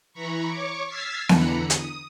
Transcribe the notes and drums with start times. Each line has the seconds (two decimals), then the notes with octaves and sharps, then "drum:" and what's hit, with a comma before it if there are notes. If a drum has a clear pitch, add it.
0.13 E3 A#5 B5 C#6
0.47 C#5 C#6 D6
0.86 E6 F6 G#6 A6 B6 C7
1.29 E2 D3 E3 A#5 B5 C#7, drum: snare B3
1.70 D#6, drum: hi-hat